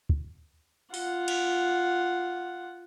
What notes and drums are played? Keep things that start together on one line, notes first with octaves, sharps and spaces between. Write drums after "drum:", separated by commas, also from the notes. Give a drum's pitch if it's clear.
drum: kick
F4 F#5, drum: open hi-hat
drum: cymbal